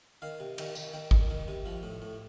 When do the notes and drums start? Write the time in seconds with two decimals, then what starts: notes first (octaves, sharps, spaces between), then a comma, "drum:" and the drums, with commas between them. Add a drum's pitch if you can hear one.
0.22 D#3 F5
0.40 C3
0.58 D#3, drum: cymbal
0.75 D#3, drum: tambourine
0.93 D#3 G5
1.11 D#3, drum: kick G#1
1.30 D#3
1.48 C3
1.66 F3
1.83 A2
2.02 A2